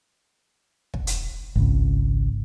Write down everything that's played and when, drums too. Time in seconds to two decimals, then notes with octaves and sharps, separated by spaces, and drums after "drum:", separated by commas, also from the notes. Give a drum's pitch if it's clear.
0.94 drum: kick
1.07 drum: hi-hat
1.56 G#1 C#2